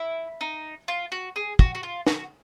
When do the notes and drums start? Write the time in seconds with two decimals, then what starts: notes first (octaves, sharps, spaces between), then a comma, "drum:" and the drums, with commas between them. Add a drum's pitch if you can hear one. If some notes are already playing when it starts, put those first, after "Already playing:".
Already playing: E4
0.41 D#4
0.88 F4
1.12 F#4
1.36 G#4
1.59 F#4, drum: kick
1.75 F#4
1.83 F4
2.07 F#4, drum: snare